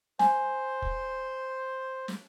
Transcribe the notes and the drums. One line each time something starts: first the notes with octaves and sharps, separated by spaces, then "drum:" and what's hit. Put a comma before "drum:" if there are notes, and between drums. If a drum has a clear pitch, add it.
C5 G#5, drum: snare
drum: kick
drum: snare